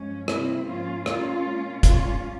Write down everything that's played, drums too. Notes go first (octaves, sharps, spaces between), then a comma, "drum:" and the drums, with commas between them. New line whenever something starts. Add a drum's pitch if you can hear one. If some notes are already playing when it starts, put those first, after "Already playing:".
Already playing: G2 F3 G#3 C#4
C3 G3 A#3 C4 E4, drum: rim click
G#2 F3 A#3 C#4 F4
A#2 G3 A#3 C#4 F4, drum: rim click
A#2 G#3
G#2 G3 A#3 C#4 F4, drum: kick, hi-hat